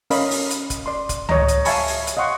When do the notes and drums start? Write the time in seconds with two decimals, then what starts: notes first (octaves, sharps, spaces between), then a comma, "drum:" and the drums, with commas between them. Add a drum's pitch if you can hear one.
0.10 C#4 A#4 D#5 F5 B5, drum: open hi-hat
0.31 drum: open hi-hat
0.50 drum: hi-hat
0.70 drum: kick F1, hi-hat
0.86 D5 C6
1.09 drum: kick F1, hi-hat
1.29 C#5 D#5 A#5, drum: tom C#2
1.48 drum: hi-hat
1.65 E5 F5 G#5 A5 B5 C#6, drum: open hi-hat
1.87 drum: open hi-hat
2.07 drum: hi-hat
2.17 D#5 F5 F#5 C6 C#6